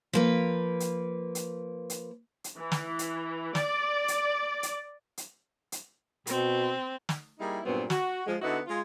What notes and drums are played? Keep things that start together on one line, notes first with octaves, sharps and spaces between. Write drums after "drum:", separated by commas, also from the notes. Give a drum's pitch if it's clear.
F3 A#3 B4
drum: hi-hat
drum: hi-hat
drum: hi-hat
drum: hi-hat
E3
drum: snare
drum: hi-hat
D5, drum: snare
drum: hi-hat
drum: hi-hat
drum: hi-hat
drum: hi-hat
B2 C4, drum: hi-hat
drum: snare
G3 A#3 D#4 E4 G#4
G2 A#2 F#3 B3 C4
F#4, drum: snare
F3 G#3
D3 B3 D#4 E4 F#4
G#3 F4